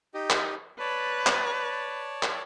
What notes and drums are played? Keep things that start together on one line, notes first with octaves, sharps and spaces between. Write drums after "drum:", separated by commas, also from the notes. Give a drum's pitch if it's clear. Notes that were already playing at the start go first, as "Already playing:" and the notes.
D#4 G4 D#5
drum: clap
B4 C#5 D5 A5
drum: clap
drum: clap